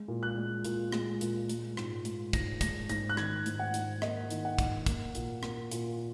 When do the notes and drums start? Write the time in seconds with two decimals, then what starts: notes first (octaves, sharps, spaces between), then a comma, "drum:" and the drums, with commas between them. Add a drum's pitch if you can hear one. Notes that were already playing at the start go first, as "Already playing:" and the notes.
Already playing: G#3
0.08 A#2
0.23 F#6
0.37 G#3
0.65 A#2, drum: hi-hat
0.92 G#3, drum: rim click
1.21 A#2, drum: hi-hat
1.49 G#3, drum: hi-hat
1.77 G#2, drum: rim click
2.05 G#3, drum: hi-hat
2.33 G#2 A#6, drum: kick, hi-hat
2.61 G#3 A#6, drum: kick, hi-hat
2.89 G#2 A#6, drum: hi-hat
3.09 F#6
3.17 D#3 G#6, drum: rim click
3.46 G#2, drum: hi-hat
3.59 F#5
3.74 G#2, drum: hi-hat
4.02 A#3 D#5, drum: rim click
4.30 D#3, drum: hi-hat
4.45 F#5
4.59 G#2, drum: kick, hi-hat
4.86 A#3, drum: kick, hi-hat
5.15 A#2, drum: hi-hat
5.43 A#3, drum: rim click
5.71 A#2, drum: hi-hat